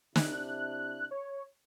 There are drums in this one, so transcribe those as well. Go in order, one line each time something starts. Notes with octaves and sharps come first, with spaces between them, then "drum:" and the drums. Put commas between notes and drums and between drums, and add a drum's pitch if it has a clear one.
C3 D4 E4 F#6, drum: snare
C#5